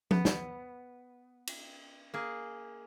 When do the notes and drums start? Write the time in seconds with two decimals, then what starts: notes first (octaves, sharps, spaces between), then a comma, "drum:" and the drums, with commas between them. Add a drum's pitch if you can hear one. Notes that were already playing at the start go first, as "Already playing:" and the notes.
0.11 B3, drum: tom F3
0.25 drum: snare
1.47 drum: cymbal
2.14 A#3 G#4